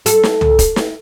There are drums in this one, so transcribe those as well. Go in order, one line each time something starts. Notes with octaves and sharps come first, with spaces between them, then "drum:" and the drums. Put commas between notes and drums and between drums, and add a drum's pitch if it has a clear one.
A4, drum: hi-hat
drum: snare
drum: tom
drum: kick, hi-hat
drum: snare